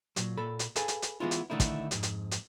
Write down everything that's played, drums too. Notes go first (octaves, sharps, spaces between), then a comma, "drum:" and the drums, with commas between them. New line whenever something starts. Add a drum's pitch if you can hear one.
A#2 F#3, drum: hi-hat
A#2 A4 B5
drum: hi-hat
G#4 A4 B4 F5 G#5, drum: hi-hat
drum: hi-hat
drum: hi-hat
E3 F#3 G#3 B3 E4 F4
drum: hi-hat
D3 D#3 A3 D#4 E4
drum: kick, hi-hat
C2 F2 G#2, drum: hi-hat
drum: hi-hat
drum: hi-hat